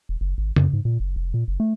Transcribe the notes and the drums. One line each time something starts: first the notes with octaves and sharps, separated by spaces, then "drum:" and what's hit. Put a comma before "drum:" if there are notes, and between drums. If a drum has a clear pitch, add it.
E1
F#1
G#1
F#2, drum: tom C#3
G#2
A#2
F#1
F1
A#2
F#1
A3